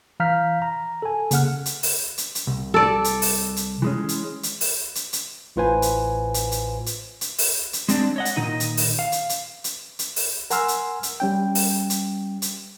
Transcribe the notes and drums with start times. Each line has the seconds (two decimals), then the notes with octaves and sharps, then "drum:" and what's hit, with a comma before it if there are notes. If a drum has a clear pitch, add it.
0.20 E3 F5 A#5 F6 G6 B6
0.62 A#5
1.02 A4 G#5
1.31 C#3 A#3 F#5 F6, drum: hi-hat
1.66 drum: hi-hat
1.83 drum: open hi-hat
2.18 drum: hi-hat
2.35 drum: hi-hat
2.47 C2
2.74 A4 D5
3.04 drum: hi-hat
3.22 drum: open hi-hat
3.56 drum: hi-hat
3.82 E3 G#3 C#4
4.09 drum: hi-hat
4.43 drum: hi-hat
4.61 drum: open hi-hat
4.95 drum: hi-hat
5.13 drum: hi-hat
5.56 A1 A2 F4 B4 C5 G#5
5.82 drum: hi-hat
6.34 drum: hi-hat
6.52 drum: hi-hat
6.86 drum: hi-hat
7.21 drum: hi-hat
7.38 drum: open hi-hat
7.73 drum: hi-hat
7.89 G#3 C4 D4, drum: hi-hat
8.16 C#5 D#5 F#5
8.25 drum: hi-hat
8.36 A#2 D#3 D#4 D#5
8.60 drum: hi-hat
8.77 drum: open hi-hat
8.99 F5
9.12 drum: hi-hat
9.29 drum: hi-hat
9.64 drum: hi-hat
9.99 drum: hi-hat
10.16 drum: open hi-hat
10.50 A#4 F#5 G#5 C6 E6 F6, drum: hi-hat
10.68 drum: hi-hat
11.03 drum: hi-hat
11.20 G3 C#4 G5
11.55 drum: open hi-hat
11.90 drum: hi-hat
12.42 drum: hi-hat